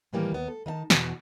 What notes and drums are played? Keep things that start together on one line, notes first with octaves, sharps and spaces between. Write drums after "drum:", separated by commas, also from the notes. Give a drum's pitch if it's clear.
A2 D#3 E3 G3 A#3 G4
D#2 B3
A4
D#3 D#4 E5 A5
E2 B2 E3 F#4, drum: snare